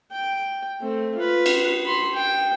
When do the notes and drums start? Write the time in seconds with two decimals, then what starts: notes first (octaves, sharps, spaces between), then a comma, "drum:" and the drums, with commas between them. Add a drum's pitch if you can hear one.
0.12 G5
0.80 A3 C4
1.15 F4 B4
1.46 drum: cymbal
1.84 B5 C6
2.14 G5